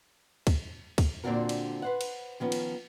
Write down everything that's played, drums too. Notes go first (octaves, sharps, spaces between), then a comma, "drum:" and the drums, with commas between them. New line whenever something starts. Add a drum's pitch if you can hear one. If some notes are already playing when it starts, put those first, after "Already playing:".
drum: kick, cymbal
drum: kick, cymbal
A#2 D3 C4 D4 F#4 A#4
drum: cymbal
B4 C5 F#5
drum: cymbal
D#3 F3 B3 C#4
drum: cymbal